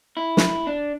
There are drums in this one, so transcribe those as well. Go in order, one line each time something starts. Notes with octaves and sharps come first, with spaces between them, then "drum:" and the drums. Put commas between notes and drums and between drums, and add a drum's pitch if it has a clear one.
E4
drum: snare
D4